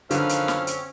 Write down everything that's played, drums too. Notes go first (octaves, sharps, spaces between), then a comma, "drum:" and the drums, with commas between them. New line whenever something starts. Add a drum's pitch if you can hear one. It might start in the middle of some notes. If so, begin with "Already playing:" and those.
F#2 D3 D#3 F3 C4 C#4 B4 F5, drum: hi-hat
drum: hi-hat
drum: snare
drum: hi-hat